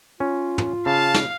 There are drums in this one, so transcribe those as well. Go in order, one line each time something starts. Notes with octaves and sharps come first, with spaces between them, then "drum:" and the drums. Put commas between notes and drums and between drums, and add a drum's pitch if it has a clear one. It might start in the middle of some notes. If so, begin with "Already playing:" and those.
C#4 F4
drum: tom
C#3 F5 A5
drum: snare